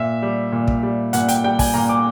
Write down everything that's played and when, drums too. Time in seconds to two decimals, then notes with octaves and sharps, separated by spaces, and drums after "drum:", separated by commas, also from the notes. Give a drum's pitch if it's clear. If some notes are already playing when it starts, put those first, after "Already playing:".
Already playing: A#2 E5
0.22 G3
0.52 A#2
0.68 drum: kick
0.83 G3
1.13 A#2 F#5, drum: hi-hat
1.28 G5, drum: hi-hat
1.44 G3 G5
1.59 G#5, drum: kick, open hi-hat
1.74 A#2 A#5
1.89 D6